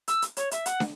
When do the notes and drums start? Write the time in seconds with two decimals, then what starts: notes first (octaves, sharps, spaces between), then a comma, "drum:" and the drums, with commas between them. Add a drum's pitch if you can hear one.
0.08 E6, drum: hi-hat
0.22 drum: hi-hat
0.37 C#5, drum: hi-hat
0.51 E5, drum: hi-hat
0.66 F#5, drum: hi-hat
0.80 drum: snare